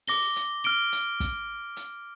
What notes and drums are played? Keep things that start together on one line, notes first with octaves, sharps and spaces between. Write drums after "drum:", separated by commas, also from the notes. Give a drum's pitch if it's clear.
D6 A#6 G7, drum: open hi-hat
drum: hi-hat
F6 D7 G7
drum: hi-hat
drum: kick, hi-hat
drum: hi-hat